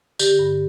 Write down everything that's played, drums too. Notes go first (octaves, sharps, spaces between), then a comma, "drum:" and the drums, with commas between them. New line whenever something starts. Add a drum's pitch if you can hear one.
D3 G4, drum: tambourine
G2